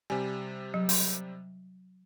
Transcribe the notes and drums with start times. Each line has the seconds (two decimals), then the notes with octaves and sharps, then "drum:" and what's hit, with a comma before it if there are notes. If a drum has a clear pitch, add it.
0.10 C3 G3 G#5
0.74 F#3
0.89 drum: open hi-hat